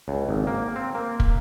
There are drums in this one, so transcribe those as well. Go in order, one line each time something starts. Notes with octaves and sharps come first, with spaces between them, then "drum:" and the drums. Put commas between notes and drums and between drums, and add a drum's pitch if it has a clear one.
C#2
G#1
A#3
C4
A#3
drum: kick